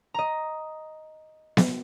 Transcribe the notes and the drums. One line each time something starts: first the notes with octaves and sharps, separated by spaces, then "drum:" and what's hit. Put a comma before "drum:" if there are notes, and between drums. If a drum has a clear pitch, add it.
D#5 A#5
drum: snare B3